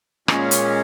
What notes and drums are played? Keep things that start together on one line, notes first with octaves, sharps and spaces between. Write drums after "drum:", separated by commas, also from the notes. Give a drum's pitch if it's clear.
A#2 G#3 C#4, drum: rim click
drum: hi-hat